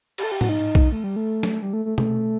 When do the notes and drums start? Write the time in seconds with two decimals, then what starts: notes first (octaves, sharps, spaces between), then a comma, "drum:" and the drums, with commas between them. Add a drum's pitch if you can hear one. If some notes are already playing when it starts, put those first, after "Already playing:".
0.18 G4, drum: cymbal
0.24 A4
0.32 G4
0.41 F#4, drum: tom G#2
0.49 D#4
0.75 drum: kick B1
0.92 A3
1.04 G3
1.16 A3
1.43 drum: snare
1.62 G3
1.73 A3
1.85 A3
1.98 A3, drum: tom B2